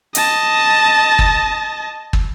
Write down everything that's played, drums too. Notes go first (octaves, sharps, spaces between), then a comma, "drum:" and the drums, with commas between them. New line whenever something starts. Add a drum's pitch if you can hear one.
D#5 A5, drum: hi-hat
drum: kick
drum: kick